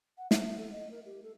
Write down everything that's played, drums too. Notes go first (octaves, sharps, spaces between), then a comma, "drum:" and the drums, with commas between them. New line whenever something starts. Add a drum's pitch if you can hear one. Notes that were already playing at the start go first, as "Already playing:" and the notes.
F#5
E5, drum: snare
A4
D#5
A#4
G4
A4